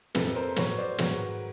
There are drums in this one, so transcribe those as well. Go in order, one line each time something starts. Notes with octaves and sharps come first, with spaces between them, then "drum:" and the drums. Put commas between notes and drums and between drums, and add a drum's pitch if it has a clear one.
F2 C3 F3 A4 B4, drum: snare
A#4 C5
A2 F#3 B4 C#5, drum: snare
C5 D5
G#2 D#3 F#3 B4 C#5, drum: snare